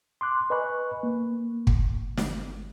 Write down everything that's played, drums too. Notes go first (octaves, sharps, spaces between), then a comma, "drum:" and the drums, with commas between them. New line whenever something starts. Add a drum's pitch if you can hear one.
C6 D6 F#6
B4 D#5 G#5 B5 C#6 F#6
A#3
drum: kick
G1
drum: snare